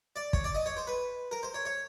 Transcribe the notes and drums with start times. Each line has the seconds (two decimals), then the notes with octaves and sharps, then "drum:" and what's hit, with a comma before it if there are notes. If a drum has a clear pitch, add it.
0.16 D5
0.33 C#5, drum: kick
0.44 D5
0.55 D#5
0.66 C#5
0.77 C5
0.87 B4
1.31 A#4
1.43 C5
1.54 C#5
1.65 C#5